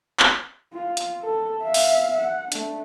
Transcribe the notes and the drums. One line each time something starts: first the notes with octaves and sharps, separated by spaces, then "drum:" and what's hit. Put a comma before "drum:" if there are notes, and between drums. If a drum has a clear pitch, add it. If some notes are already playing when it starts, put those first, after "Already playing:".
drum: clap
F4
drum: hi-hat
A4
E5 F5
drum: open hi-hat
F#5
A3 D4, drum: hi-hat